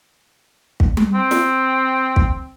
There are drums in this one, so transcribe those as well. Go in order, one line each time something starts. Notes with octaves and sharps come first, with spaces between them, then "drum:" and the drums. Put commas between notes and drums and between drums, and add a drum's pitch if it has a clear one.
drum: kick
drum: tom G3
C4
drum: snare
drum: kick